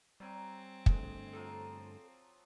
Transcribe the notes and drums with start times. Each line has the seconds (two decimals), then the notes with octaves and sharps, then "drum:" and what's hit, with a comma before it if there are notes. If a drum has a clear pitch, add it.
0.20 F#3 G3 C4 G5 G#5
0.86 A#1 G2 D3 G#3 A3, drum: kick
1.33 F3 F#3 F4 A4